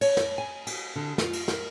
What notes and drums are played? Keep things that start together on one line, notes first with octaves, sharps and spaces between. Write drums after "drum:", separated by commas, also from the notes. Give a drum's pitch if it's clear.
C#5, drum: cymbal
drum: snare
G#5
G#5, drum: cymbal
D3
F4, drum: snare
drum: cymbal
A#4, drum: snare